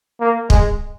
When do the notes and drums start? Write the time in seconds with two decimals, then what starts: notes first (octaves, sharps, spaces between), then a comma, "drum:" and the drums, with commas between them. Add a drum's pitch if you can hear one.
0.21 A#3
0.50 G#3, drum: kick